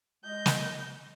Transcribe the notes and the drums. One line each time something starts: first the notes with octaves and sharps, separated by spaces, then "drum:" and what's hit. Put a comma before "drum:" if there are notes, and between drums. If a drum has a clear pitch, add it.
G#3 D#5 G6
drum: snare